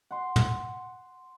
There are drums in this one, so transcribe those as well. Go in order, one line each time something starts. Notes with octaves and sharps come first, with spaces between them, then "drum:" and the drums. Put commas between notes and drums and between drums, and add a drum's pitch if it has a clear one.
F#5 C6
drum: tom